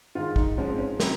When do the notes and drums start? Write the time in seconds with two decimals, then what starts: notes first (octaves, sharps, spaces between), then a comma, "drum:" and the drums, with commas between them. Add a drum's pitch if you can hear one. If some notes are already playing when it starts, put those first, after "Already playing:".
0.15 G#2 D#3 G#3 F4
0.36 D#4, drum: kick
0.57 G#2 F3 G#3 C#4
0.69 C4
0.78 C#4
1.00 C3 F#3, drum: snare